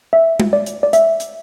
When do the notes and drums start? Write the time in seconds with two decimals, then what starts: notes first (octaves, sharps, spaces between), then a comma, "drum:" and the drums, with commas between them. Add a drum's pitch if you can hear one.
0.13 E5
0.40 drum: tom G#3
0.53 D5
0.66 drum: hi-hat
0.83 D5
0.93 E5, drum: hi-hat
1.20 drum: hi-hat